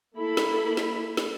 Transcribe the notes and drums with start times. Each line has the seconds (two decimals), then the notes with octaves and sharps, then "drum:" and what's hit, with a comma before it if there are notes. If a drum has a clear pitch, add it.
0.17 A#3 E4 A4 B5
0.37 drum: snare
0.77 drum: snare
1.17 drum: snare